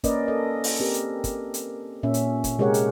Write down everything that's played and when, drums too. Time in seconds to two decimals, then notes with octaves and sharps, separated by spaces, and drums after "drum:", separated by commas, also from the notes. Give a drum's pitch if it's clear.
0.04 A#3 C#4 A#4 B4 D5 D#5, drum: kick, hi-hat
0.28 A4 D#5
0.64 drum: open hi-hat
0.80 C4 G4 A#4
0.94 drum: hi-hat
1.24 drum: kick, hi-hat
1.54 drum: hi-hat
2.03 A#2 C#4 E5
2.14 drum: hi-hat
2.44 drum: kick, hi-hat
2.58 C3 G#3 G4 A#4 C#5 F#5
2.74 drum: hi-hat